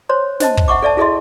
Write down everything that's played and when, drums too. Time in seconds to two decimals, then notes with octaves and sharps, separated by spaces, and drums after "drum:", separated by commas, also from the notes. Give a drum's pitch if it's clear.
0.09 C5 C#5 C6
0.40 C5 D#5 A5, drum: snare
0.57 drum: kick
0.68 E5 F#5 C#6 D6
0.82 A4 D5 E5 A5
0.97 E4 G#4 A4 D#5 E5 C6